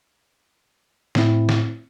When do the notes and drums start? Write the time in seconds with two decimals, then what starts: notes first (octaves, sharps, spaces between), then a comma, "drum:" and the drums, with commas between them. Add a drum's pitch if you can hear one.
1.15 A2 C4 E4, drum: snare
1.49 drum: snare